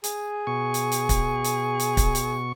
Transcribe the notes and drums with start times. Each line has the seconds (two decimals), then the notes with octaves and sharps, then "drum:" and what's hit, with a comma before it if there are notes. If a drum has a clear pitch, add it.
0.04 G#4, drum: hi-hat
0.47 B2 C#6
0.74 drum: hi-hat
0.92 drum: hi-hat
1.09 drum: kick, hi-hat
1.44 drum: hi-hat
1.80 drum: hi-hat
1.97 drum: kick, hi-hat
2.15 drum: hi-hat